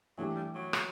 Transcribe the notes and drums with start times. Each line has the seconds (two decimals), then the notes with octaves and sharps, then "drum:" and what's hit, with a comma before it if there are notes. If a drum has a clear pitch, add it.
0.18 E3 F#3 A3 D4 G4
0.36 G3
0.55 F#3
0.73 drum: rim click